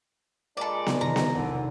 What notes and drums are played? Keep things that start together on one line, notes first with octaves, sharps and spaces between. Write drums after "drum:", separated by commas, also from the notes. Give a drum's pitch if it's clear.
A#2 G#3 D4 A4 D5 D#5 A#5 B5
drum: snare B3
C3 D#3 E3 A#5
drum: snare B3
E1 B1 A#2 D3